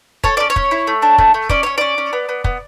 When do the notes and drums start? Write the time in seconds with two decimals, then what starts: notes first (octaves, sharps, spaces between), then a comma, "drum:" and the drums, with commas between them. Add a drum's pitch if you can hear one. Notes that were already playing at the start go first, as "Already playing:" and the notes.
0.24 A4 C#5, drum: kick
0.37 C#4 D5
0.50 C#5
0.56 C#4, drum: kick
0.71 E4
0.87 A3
1.02 D4
1.18 A3, drum: kick
1.34 A3
1.49 C#4 D5, drum: kick
1.63 C#4 C#5
1.78 C#4 D5
1.98 C#4
2.13 B3
2.29 B3
2.44 B3, drum: kick